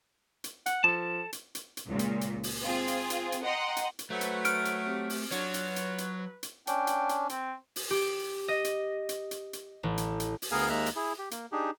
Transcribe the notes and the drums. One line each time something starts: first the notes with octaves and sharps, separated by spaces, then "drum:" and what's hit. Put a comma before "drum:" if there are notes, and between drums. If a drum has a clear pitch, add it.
drum: hi-hat
F#5, drum: hi-hat
F3 A4 A5
drum: hi-hat
drum: hi-hat
drum: hi-hat
C#2 A#2
drum: hi-hat
drum: hi-hat
drum: open hi-hat
C4 F4 G#4
drum: hi-hat
drum: hi-hat
drum: hi-hat
D#5 F#5 G5 A#5 C6
drum: hi-hat
drum: hi-hat
F#3 A3 B4 C5
drum: hi-hat
F6 D7, drum: hi-hat
drum: hi-hat
C4 G4
drum: open hi-hat
F#3 D4 F4 F#4 C#5, drum: hi-hat
drum: hi-hat
B4
drum: hi-hat
drum: hi-hat
drum: hi-hat
C#4 D4 G5, drum: hi-hat
drum: hi-hat
drum: hi-hat
C4, drum: hi-hat
drum: open hi-hat
G4
D#5
drum: hi-hat
drum: hi-hat
drum: hi-hat
drum: hi-hat
A1
drum: hi-hat
drum: hi-hat
drum: open hi-hat
D2 B3 G#4 A#4 F5 G#5
D#2 G#3 A#3 E5 A#5 F#6
drum: hi-hat
E4 G#4
G4
A#3, drum: hi-hat
D4 D#4 G4 G#4